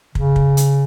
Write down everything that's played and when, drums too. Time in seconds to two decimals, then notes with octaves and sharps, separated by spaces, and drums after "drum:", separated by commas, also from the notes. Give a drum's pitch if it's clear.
0.15 C#3, drum: kick
0.36 drum: kick
0.57 drum: hi-hat